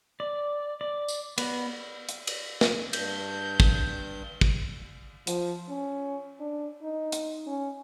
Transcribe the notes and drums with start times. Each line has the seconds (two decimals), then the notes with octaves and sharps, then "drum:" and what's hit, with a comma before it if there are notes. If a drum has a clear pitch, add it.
0.20 D5
0.81 D5
1.08 drum: tambourine
1.38 B3, drum: cymbal
2.09 drum: hi-hat
2.27 drum: cymbal
2.61 drum: snare
2.93 G2 G6, drum: cymbal
3.60 drum: kick
4.41 drum: kick
5.27 F3, drum: hi-hat
5.69 C#4
6.40 D4
6.83 D#4
7.12 drum: hi-hat
7.47 C#4